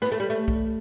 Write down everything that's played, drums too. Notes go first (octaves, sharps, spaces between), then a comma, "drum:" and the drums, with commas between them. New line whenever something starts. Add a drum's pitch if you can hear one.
B3, drum: snare
A3
G3
A3
drum: kick B1